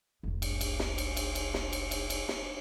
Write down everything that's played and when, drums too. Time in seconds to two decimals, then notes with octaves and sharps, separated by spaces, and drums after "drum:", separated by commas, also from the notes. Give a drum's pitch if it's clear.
0.23 F1 C2
0.42 drum: cymbal
0.61 drum: cymbal
0.79 drum: snare
0.98 drum: cymbal
1.17 drum: cymbal
1.35 drum: cymbal
1.54 drum: snare
1.73 drum: cymbal
1.91 drum: cymbal
2.10 drum: cymbal
2.29 drum: snare